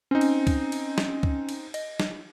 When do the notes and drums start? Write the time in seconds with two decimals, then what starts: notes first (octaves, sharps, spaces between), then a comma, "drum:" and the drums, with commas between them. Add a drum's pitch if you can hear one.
0.11 C4 C#4 D#4
0.21 drum: cymbal
0.47 drum: kick C#2, cymbal
0.72 drum: cymbal
0.98 drum: snare
1.23 drum: kick C#2
1.49 drum: cymbal
1.74 D#5, drum: cymbal
2.00 drum: snare